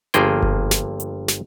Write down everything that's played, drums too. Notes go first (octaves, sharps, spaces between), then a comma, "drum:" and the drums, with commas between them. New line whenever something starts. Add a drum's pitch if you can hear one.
G1 G2 F3 A#3 G#4 G5, drum: hi-hat
drum: kick F#1
drum: snare
drum: hi-hat
drum: snare